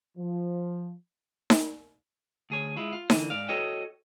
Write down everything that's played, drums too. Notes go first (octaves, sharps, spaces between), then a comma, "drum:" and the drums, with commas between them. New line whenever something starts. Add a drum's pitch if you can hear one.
F3
drum: snare D#4
D2 G#4 C#5
G#3 E4 F4
F4
D3 E3, drum: snare D#4
G#2 D5 F5
F#4 A4 C#5 D#5 G5